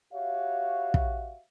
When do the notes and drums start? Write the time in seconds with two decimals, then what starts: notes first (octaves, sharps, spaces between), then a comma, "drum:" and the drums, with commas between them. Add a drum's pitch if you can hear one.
0.13 F#4 G4 C#5 E5 F5
0.94 drum: kick